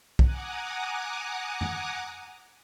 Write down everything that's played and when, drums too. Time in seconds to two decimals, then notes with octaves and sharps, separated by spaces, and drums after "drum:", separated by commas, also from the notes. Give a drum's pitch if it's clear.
0.19 F#5 G#5 A#5 D6 D#6 F#6, drum: kick B1
1.61 drum: tom F2